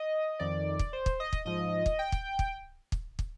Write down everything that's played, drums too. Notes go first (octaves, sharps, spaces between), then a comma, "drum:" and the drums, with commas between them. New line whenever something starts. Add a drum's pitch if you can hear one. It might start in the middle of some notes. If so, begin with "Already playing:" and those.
Already playing: D#5
F2 D#3 D5
drum: kick
C5
drum: kick
D#5
drum: kick
G#2 F3 D#5
drum: kick
G5
drum: kick
drum: kick
drum: kick
drum: kick